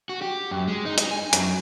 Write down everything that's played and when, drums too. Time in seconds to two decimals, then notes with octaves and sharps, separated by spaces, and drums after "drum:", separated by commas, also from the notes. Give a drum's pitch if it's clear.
0.09 F#4
0.21 G4
0.51 F#2
0.68 G#3
0.86 D#4
0.98 D#4, drum: hi-hat
1.11 G#5
1.33 F#2, drum: hi-hat